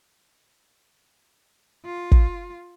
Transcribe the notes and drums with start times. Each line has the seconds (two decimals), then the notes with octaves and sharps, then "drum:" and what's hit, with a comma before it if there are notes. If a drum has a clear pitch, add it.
1.86 F4
2.12 drum: kick